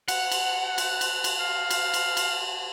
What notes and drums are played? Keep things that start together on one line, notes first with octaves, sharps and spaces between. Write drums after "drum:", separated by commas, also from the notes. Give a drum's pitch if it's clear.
F#5, drum: cymbal
drum: cymbal
drum: cymbal
drum: cymbal
drum: cymbal
F5
drum: cymbal
drum: cymbal
drum: cymbal